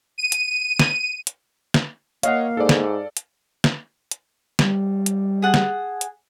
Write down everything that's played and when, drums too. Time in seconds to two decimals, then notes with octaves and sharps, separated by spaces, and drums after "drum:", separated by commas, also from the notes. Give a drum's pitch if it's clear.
0.18 D#7
0.32 drum: hi-hat
0.79 drum: snare
1.27 drum: hi-hat
1.74 drum: snare
2.23 A#3 C#5 D#5 F5 F#5, drum: hi-hat
2.57 G#2 A4 D5
2.69 drum: snare
3.17 drum: hi-hat
3.64 drum: snare
4.11 drum: hi-hat
4.59 G3, drum: snare
5.06 drum: hi-hat
5.42 G#4 F#5 A5
5.54 drum: snare
6.01 drum: hi-hat